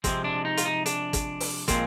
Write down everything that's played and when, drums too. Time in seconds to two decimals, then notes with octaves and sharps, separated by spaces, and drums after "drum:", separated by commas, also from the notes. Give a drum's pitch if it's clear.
0.04 C3 F3 G#3 C4, drum: kick, hi-hat
0.24 D4
0.45 D#4
0.57 F4, drum: hi-hat
0.65 D#4
0.86 D4, drum: hi-hat
1.13 drum: kick, hi-hat
1.40 drum: open hi-hat
1.68 A#2 F3 G#3 C4, drum: kick, hi-hat